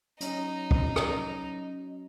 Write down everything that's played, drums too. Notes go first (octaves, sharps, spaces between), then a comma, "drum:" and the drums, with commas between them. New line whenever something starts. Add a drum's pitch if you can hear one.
F#3 C#4 D#4 D#5, drum: hi-hat
drum: kick
drum: rim click